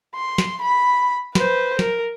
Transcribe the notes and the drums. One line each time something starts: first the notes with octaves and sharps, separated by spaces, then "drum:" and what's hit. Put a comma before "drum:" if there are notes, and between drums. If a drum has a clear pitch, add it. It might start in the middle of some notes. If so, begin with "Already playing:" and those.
C6
drum: snare
B5
B4 C5, drum: snare
A#4, drum: snare